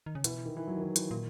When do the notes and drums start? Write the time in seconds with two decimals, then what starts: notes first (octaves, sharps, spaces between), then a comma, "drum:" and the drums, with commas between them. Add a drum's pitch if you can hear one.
0.06 D#3
0.15 C#3
0.24 B2 E3, drum: hi-hat
0.46 D#3
0.56 E3
0.67 F#3
0.77 D#3
0.82 E3
0.96 E3, drum: hi-hat
1.11 A#2 D#3